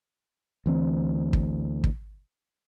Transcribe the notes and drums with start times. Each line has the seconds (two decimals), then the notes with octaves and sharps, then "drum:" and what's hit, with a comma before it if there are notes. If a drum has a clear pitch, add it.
0.66 D2 E3 C4
1.33 drum: kick
1.84 drum: kick